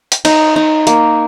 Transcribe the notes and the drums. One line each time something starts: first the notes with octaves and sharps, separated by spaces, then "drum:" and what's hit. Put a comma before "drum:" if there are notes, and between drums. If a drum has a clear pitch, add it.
drum: hi-hat
D#4, drum: cymbal
D#4
A#3, drum: hi-hat